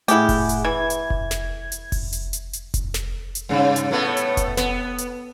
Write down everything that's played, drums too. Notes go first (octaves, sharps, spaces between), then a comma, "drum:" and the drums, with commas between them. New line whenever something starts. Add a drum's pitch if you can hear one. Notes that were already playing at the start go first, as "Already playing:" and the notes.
A2 E4 G4 G#4 F#5, drum: hi-hat
drum: kick F1, open hi-hat
drum: hi-hat
E3 G#6
drum: hi-hat
drum: kick F1
drum: snare
drum: hi-hat
drum: kick F1, open hi-hat
drum: hi-hat
drum: hi-hat
drum: hi-hat
drum: kick F1, hi-hat
drum: snare
drum: hi-hat
G2 C#3
drum: hi-hat
A2 A3 B3
drum: hi-hat
drum: kick F1, hi-hat
B3, drum: snare
drum: hi-hat